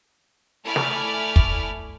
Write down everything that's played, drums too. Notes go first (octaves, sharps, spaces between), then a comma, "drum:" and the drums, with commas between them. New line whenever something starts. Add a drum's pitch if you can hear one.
A3 E4 D5 G#5 B5 F6
drum: snare
drum: kick